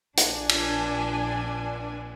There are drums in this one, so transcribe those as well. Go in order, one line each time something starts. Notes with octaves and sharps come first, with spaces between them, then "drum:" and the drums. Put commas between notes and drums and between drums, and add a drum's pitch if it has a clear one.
A#1 D4 G#5, drum: hi-hat
drum: cymbal